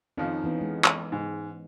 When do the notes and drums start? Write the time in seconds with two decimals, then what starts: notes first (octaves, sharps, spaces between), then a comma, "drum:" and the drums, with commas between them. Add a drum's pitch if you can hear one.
0.17 F2 D#3 F3 C#4 D#4
0.44 E3 B3 C#4
0.61 G#3
0.84 drum: clap
1.12 G#2